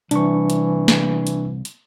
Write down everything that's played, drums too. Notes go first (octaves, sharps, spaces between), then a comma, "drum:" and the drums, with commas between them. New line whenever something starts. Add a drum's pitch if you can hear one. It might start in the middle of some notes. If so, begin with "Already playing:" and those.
C2 E3 D4 C#6, drum: hi-hat
drum: hi-hat
drum: snare
drum: hi-hat
drum: hi-hat